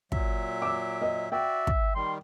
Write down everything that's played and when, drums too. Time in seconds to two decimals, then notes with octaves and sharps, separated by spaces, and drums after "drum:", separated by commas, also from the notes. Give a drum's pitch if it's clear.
0.12 A#2 F#3 E5, drum: kick
0.62 D6 E6
1.02 D#5
1.32 F#4 D5 E5 G5
1.67 drum: kick
1.95 D#3 G3 C6